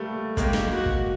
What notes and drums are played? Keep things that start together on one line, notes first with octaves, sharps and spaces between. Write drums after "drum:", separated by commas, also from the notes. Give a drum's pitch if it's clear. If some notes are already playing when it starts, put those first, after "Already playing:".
Already playing: G3 A3 A#3
G#3 A#3 G4, drum: kick, hi-hat
drum: snare
F#4
drum: kick